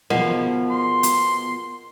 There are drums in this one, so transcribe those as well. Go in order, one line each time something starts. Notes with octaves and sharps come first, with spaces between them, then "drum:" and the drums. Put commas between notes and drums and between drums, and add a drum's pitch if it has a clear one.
B2 F3 B3 F4 G#4 A#4 D#5 F#5, drum: tom
C6
drum: hi-hat